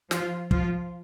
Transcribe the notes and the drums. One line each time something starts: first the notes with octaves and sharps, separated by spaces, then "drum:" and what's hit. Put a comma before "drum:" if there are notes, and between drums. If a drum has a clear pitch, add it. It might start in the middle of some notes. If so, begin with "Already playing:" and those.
F3 F4, drum: snare
F3 F4, drum: kick